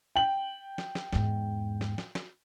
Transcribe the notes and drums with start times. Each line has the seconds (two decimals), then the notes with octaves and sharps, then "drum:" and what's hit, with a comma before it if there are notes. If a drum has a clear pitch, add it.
0.16 G5 F#7
0.78 drum: snare
0.95 drum: snare
1.13 E2 G#2, drum: snare
1.81 drum: snare
1.98 drum: snare
2.15 drum: snare